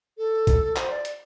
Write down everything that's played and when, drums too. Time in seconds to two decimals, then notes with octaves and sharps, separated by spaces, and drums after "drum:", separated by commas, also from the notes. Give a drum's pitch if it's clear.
0.18 A4
0.47 drum: kick, hi-hat
0.76 C5, drum: clap
0.90 D5
1.05 drum: hi-hat